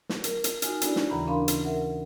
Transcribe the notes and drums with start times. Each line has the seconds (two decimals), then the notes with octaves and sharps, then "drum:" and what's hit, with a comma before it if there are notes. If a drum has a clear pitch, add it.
0.09 drum: snare
0.24 A#4, drum: hi-hat
0.44 drum: hi-hat
0.62 D#4 F#4 G#5 F6, drum: hi-hat
0.81 B3 D4 E4 F#4 A4 D5, drum: hi-hat
0.96 drum: snare
1.10 D#2 C#3 E3 A#5 B5
1.27 C#4 D4 A#4 F5 B5 C6
1.48 drum: hi-hat
1.65 A#4 E5 F#5